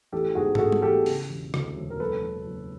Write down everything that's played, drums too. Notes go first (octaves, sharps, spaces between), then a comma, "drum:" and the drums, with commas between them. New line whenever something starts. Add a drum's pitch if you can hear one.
A1 G4 A4
G#2 F#4 G#4
A4, drum: tom
G#2 F#4 G#4
drum: tom G3
A1 G4 A4
C#3, drum: open hi-hat
E1
D2, drum: rim click
E1
A#4
F#1 A4 B4
F#1
F#1